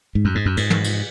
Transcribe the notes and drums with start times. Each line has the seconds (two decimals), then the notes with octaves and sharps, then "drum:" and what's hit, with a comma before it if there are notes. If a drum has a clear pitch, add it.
0.15 G#2
0.25 F#2
0.35 G#2
0.46 F#2
0.57 G#2, drum: cymbal
0.70 drum: tom
0.84 drum: cymbal